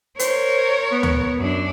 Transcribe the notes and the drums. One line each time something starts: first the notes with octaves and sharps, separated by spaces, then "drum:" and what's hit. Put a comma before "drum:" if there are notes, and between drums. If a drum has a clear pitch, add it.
A#4 C5 C#5, drum: hi-hat
B3
drum: tom D2
F#2 D4